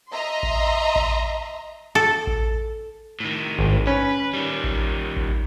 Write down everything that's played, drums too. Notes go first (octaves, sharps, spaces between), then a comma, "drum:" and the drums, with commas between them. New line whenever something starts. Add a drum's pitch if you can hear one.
D#5 E5 A#5 C6
drum: kick A1
drum: kick A1
A4
drum: kick A1
A2 D#3
G#1, drum: kick A1
C#4 B4
D#3 G3
drum: kick A1
drum: kick A1